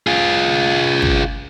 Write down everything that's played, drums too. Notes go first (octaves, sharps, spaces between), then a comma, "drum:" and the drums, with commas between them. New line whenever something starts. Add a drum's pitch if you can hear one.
F4 G#4
drum: kick